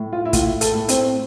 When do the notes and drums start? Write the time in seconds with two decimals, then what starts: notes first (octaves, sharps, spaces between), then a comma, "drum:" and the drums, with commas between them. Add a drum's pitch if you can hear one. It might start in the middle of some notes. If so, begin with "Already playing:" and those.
Already playing: A2
0.13 F4
0.25 E4
0.33 A2 F4, drum: kick, hi-hat
0.61 A4, drum: hi-hat
0.75 A2
0.89 C4, drum: hi-hat